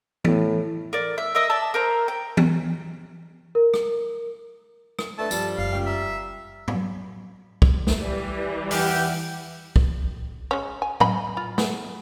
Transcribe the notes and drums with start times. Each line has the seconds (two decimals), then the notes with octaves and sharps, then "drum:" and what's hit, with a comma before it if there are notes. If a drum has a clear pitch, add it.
0.25 A2, drum: tom E3
0.93 A#4 D5
1.18 E5
1.35 A#4 D#5 E5 D#6
1.50 D5 E5 A5
1.74 A#4 C5 A#5
2.08 G5
2.37 drum: tom E3
3.55 A#4
3.74 drum: rim click
4.99 drum: rim click
5.18 A3 D4 B4 A5
5.31 G2 F3 G3, drum: tambourine
5.58 F#1 F5
5.73 C#2 F4 G5
5.87 E5 A#5
6.68 drum: tom
7.62 drum: kick
7.87 drum: snare
7.99 E3 G3
8.71 E2 G4, drum: open hi-hat
9.76 drum: kick
10.51 G#3 C#4
10.82 G#5
11.00 D#5 G#5 B5, drum: tom
11.37 F4
11.58 B3 G#4, drum: snare